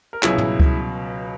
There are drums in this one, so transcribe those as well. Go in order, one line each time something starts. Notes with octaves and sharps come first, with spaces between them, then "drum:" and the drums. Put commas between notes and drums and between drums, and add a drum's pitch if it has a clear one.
A#4
C#2 B2 F#3 E4 G#4, drum: clap
drum: tom
drum: kick C#2